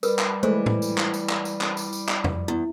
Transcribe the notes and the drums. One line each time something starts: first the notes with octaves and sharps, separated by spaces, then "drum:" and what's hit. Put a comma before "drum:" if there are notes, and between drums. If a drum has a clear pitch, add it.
G3 A#4 B4, drum: tambourine
drum: clap
E3 G#3 A3 C5
drum: tom A2
drum: tambourine
drum: clap
drum: tambourine
drum: clap
drum: tambourine
drum: clap
drum: tambourine
drum: tambourine
drum: clap
drum: tom F2
E2 E4